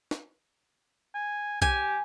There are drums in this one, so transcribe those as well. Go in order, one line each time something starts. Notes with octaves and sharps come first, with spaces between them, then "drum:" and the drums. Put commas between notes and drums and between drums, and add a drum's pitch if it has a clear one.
drum: snare
G#5
G4 G#5, drum: kick B1